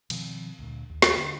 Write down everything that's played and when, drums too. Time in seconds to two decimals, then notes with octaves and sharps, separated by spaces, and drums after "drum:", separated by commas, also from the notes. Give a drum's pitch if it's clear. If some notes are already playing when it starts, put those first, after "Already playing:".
0.10 B2 D#3 F3 C4, drum: cymbal
0.59 D2 A#2
0.90 D#2
1.02 drum: snare
1.17 D3